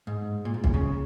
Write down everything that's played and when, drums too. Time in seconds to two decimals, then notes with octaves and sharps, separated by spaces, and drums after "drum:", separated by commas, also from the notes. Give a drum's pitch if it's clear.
0.07 G#2
0.45 A#2
0.54 G#2
0.64 A#2, drum: kick
0.74 C#3